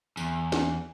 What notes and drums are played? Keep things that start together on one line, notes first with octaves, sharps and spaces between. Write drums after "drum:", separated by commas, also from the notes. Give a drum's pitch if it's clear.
E2, drum: tambourine
drum: snare